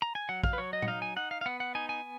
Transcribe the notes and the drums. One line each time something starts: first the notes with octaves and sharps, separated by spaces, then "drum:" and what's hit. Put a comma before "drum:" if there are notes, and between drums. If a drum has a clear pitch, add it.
A#5
G#5
F#3 F#5
F5, drum: kick
B4
F#3 C#5
D#5
F#5, drum: tom
D#4 F5
G#5
D#4 F#5
F5
F5
B3 F#5
F#5
D#4 G#5
G#5